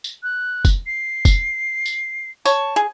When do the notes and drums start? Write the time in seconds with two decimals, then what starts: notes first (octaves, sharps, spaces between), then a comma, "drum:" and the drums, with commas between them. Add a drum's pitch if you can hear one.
0.04 drum: tambourine
0.23 F#6
0.65 drum: kick, tambourine
0.86 C7
1.25 drum: kick, tambourine
1.86 drum: tambourine
2.45 C#5 A5, drum: tambourine
2.76 G#4